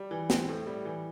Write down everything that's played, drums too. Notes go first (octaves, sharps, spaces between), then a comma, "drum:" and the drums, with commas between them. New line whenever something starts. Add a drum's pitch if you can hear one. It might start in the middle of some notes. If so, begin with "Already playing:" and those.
Already playing: G3
E3
C4, drum: snare
A2
G3
E3